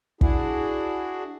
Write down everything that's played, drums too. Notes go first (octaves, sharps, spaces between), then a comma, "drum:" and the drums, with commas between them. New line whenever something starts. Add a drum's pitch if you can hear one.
D4 E4 F#4 G#4, drum: kick